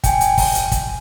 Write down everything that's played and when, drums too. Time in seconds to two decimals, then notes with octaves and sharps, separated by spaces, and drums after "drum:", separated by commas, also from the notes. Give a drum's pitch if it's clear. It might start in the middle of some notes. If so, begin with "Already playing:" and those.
0.04 G5 G#5, drum: kick, hi-hat
0.21 drum: hi-hat
0.38 drum: kick, open hi-hat
0.55 drum: hi-hat
0.72 drum: kick, hi-hat